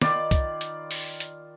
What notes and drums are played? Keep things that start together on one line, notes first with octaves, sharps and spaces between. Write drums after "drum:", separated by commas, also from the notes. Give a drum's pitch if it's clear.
D#3 F4 D5 B5, drum: snare
drum: kick, hi-hat
drum: hi-hat
drum: open hi-hat
drum: hi-hat